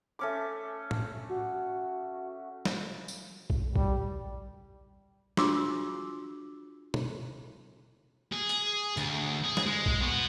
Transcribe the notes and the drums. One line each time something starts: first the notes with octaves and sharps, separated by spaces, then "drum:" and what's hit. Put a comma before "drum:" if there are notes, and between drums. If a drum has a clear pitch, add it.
A3 C#4 D6
drum: tom
F#4
drum: snare
drum: tambourine
drum: kick A#1
G3, drum: kick A#1
D4 F4 F#4 G#4 D6 E6, drum: snare
drum: tom
G#4
drum: hi-hat
D2, drum: hi-hat
G#4
drum: snare
G#3
drum: kick A#1
B3 F#4